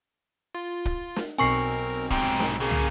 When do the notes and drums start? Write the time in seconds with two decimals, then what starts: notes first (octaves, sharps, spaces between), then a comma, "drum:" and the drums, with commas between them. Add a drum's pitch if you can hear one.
0.55 F4
0.85 drum: kick
1.16 drum: snare
1.38 B1 B2 C4 A#4 G#5 C#6 C7
2.11 G#2 C3 G5, drum: kick
2.40 drum: snare
2.60 C#3 A#3 G#4
2.71 drum: tom